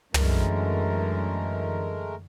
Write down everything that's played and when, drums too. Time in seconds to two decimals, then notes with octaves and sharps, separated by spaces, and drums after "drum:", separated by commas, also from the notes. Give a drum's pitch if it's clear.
0.14 F#2 D3 E3 G#3 A3 A#4, drum: tom